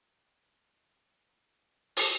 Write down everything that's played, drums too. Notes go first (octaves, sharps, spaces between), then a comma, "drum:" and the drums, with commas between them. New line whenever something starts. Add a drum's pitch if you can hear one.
A3 G#5 C#6 E6 F#6 G6
G4
A2
drum: open hi-hat